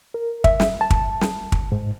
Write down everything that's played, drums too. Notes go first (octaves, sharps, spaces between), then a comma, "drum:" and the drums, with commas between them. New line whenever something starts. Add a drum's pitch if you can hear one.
A#4
E5, drum: kick
drum: snare
A5
drum: kick
drum: snare
drum: kick
G#2